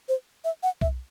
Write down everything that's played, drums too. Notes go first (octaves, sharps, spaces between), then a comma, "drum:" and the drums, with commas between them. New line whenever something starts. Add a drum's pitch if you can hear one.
C5
E5
F#5
E5, drum: kick B1